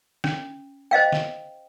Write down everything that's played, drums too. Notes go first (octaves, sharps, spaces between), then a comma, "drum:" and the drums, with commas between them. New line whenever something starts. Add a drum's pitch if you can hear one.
C#4, drum: snare
C5 D#5 F5 G5
drum: snare